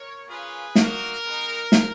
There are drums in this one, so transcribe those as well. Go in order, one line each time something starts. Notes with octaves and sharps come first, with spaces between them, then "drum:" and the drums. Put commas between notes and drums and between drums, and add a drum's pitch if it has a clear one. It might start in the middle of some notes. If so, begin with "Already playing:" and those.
Already playing: A#4 C#5
A#3 C#4 F4 G#4 B4
A#3 D#4 F#4 A#4, drum: snare
G#3 B3 D#4
drum: snare